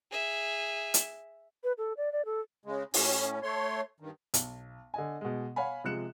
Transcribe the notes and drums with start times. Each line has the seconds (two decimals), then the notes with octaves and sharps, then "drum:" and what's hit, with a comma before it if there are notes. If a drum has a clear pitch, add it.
0.11 G#4 E5
0.94 drum: hi-hat
1.64 B4
1.78 A4
1.97 D5
2.12 D5
2.25 A4
2.65 C#3 G#3
2.94 A2 C#4, drum: open hi-hat
3.43 A3 C#5 C6
4.00 G2 D#3
4.34 B1, drum: hi-hat
4.94 D3 D#5 G#5
5.21 B2 G#3
5.56 C#5 F5 F#5 G#5 B5
5.84 C3 F3 G#3 F#6 C#7 E7